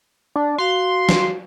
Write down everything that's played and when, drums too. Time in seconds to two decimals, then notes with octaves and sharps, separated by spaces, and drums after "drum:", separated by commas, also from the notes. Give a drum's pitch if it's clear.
0.36 D4
0.58 F#4 F5 C6
1.09 drum: snare